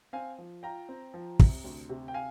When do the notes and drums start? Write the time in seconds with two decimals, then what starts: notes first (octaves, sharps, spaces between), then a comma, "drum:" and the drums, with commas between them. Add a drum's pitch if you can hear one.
0.13 C4 F5 G#5
0.38 F3
0.63 F4 G5 A#5
0.89 C4
1.14 F3
1.39 C3, drum: kick
1.64 D2
1.90 C3
2.08 G5
2.14 F5 G#5